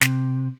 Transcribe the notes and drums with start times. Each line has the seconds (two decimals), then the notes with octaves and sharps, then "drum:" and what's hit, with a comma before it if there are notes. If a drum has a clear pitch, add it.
0.01 C3, drum: snare